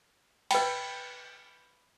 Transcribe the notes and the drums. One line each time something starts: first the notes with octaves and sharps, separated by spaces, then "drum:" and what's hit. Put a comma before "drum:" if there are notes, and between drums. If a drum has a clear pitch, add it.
B4 G5 B5, drum: cymbal